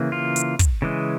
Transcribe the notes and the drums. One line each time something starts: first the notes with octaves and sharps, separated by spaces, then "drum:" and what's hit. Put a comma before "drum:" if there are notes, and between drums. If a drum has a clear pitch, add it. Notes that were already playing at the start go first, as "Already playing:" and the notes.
Already playing: C#3 E3 A#3
F4
drum: hi-hat
drum: kick, hi-hat
C#3 E3 G#3